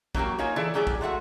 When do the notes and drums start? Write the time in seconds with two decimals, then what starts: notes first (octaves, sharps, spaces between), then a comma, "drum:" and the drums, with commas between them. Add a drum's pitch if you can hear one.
0.15 F#3 A#3 D#4 F#4 G4, drum: kick
0.38 A#3 D#4 F4 C#5 G#5
0.56 E3 E4 G#4 A4 D5
0.74 A2 F#3 G4 G#4 D5
0.87 drum: kick
1.01 G#3 A3 F#4 F#5